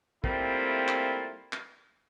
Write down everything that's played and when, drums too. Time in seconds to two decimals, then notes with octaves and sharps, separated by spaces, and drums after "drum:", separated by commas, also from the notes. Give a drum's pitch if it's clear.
0.24 G3 A3 A#3 C4 E4 F4, drum: kick
0.88 drum: clap
1.53 drum: clap